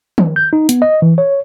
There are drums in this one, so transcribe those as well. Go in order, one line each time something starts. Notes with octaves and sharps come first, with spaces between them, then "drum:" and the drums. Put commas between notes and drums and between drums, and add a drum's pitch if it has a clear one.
drum: tom D#3
G6
D#4
B3, drum: hi-hat
D#5
E3
C#5